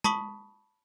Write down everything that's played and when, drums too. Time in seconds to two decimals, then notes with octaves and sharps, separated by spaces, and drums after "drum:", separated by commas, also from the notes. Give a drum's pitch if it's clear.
0.04 A5 B5 C#6 D#6 B6 F#7, drum: tom G#3